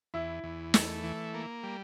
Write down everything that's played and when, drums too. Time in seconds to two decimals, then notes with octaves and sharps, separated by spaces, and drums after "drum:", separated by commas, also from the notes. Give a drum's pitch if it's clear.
0.14 E2 E4
0.44 E2
0.74 A3, drum: snare
1.04 E3
1.34 A#3
1.63 G3